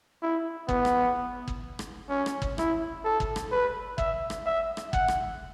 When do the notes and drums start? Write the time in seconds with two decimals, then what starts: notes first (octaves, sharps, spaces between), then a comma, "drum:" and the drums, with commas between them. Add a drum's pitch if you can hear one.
0.22 E4
0.69 B3, drum: kick
0.85 drum: rim click
1.48 drum: kick
1.79 drum: rim click
2.10 C#4
2.26 drum: rim click
2.42 drum: kick
2.58 E4, drum: rim click
3.05 A4
3.20 drum: kick
3.36 drum: rim click
3.52 B4
3.98 E5, drum: kick
4.30 drum: rim click
4.46 E5
4.77 drum: rim click
4.93 F#5, drum: kick
5.08 drum: rim click